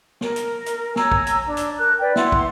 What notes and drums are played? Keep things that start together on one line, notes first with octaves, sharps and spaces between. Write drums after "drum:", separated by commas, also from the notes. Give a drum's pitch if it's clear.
A#4, drum: snare
drum: hi-hat
drum: hi-hat
C#5 G#5 A#5 E6, drum: snare
drum: kick
drum: hi-hat
D4
drum: hi-hat
A#4 F#6
B4 D5 G5
E4 F#5 C6, drum: snare
drum: kick